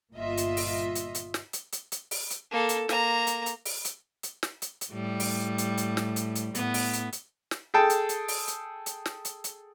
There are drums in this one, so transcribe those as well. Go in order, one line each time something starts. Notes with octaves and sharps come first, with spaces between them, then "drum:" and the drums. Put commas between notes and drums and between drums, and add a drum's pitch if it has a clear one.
G1 A#2 F4 D#5 E5
drum: hi-hat
drum: open hi-hat
drum: hi-hat
drum: hi-hat
drum: snare
drum: hi-hat
drum: hi-hat
drum: hi-hat
drum: open hi-hat
drum: hi-hat
A#3 A4
drum: hi-hat
A#3 A#5, drum: snare
drum: hi-hat
drum: hi-hat
drum: open hi-hat
drum: hi-hat
drum: hi-hat
drum: snare
drum: hi-hat
drum: hi-hat
A2 G3
drum: open hi-hat
drum: hi-hat
drum: hi-hat
drum: snare
drum: hi-hat
drum: hi-hat
A2 B3, drum: hi-hat
drum: open hi-hat
drum: hi-hat
drum: hi-hat
drum: snare
G#4 A4 G5 A5
drum: hi-hat
drum: hi-hat
drum: open hi-hat
drum: hi-hat
drum: hi-hat
drum: snare
drum: hi-hat
drum: hi-hat